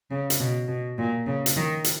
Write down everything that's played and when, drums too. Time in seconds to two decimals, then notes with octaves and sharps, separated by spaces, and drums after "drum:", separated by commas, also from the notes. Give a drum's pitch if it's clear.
0.11 C#3
0.30 drum: hi-hat
0.40 B2
0.68 B2
0.98 A#2
1.27 C#3
1.46 drum: hi-hat
1.56 D#3
1.84 drum: hi-hat